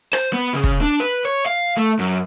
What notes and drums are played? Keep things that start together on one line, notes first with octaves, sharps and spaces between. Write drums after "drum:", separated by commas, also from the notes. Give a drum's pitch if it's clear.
C5, drum: rim click
B3
C#3
drum: kick
D4
B4
C#5
F5
A3
F#2